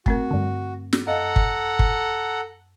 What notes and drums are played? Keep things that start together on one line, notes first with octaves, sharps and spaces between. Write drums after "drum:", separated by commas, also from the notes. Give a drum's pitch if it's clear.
A3 C4 F#4 A#4, drum: kick
G2 D3
drum: snare
F#2 A4 D#5 F5 F#5 A#5
drum: kick
drum: kick